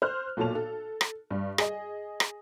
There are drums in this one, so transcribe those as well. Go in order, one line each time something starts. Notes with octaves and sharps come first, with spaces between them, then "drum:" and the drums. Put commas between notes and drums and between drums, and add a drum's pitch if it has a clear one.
C5 F6 F#6
B1 A#2 A4 C#5 A5 F7
A4
drum: rim click
G2
G#4 D#5, drum: rim click
drum: rim click